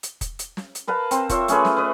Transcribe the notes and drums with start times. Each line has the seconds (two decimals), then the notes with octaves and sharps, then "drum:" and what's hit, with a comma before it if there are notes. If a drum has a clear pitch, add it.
0.03 drum: hi-hat
0.21 drum: kick, hi-hat
0.39 drum: hi-hat
0.57 drum: snare
0.75 drum: hi-hat
0.87 A#4 B4 F5 A5
1.11 C4 C5, drum: hi-hat
1.29 F4 C5 C#5 E5, drum: kick, hi-hat
1.48 A3 C#4 G#4 B4, drum: hi-hat
1.65 drum: snare
1.77 B4 D#5